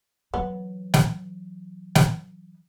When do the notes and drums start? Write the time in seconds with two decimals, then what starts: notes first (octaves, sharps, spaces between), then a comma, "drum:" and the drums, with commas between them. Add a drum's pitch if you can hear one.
0.34 E3 F#3 B3
0.94 drum: snare
1.95 drum: snare